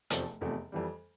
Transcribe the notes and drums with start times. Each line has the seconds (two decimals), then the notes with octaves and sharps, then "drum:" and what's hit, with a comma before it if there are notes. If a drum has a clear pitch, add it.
0.10 F1 E2 C3 F3 A3, drum: hi-hat
0.41 F1 E2 C3 F3 A3
0.72 F2 E3 G3